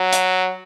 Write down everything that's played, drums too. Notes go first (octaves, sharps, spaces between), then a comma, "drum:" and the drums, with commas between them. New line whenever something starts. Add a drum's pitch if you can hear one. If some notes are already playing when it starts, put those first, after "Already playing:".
Already playing: F#3
drum: hi-hat